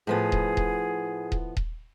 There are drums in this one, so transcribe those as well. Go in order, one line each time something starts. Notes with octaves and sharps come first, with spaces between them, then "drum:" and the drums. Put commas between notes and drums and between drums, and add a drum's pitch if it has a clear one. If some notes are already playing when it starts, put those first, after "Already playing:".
A2 F3 B3 G#4
drum: kick D#1
drum: kick D#1
drum: kick D#1
drum: kick D#1